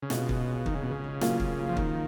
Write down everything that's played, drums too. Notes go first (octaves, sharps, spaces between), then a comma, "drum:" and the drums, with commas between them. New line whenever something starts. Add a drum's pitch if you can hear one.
C#3
B2 G#3 C#4 F4 G#4, drum: snare
drum: kick
D#3, drum: kick
C#3
B2
C#3
A#2 F#3 A#3 F4, drum: snare
drum: kick
F3
D#3, drum: kick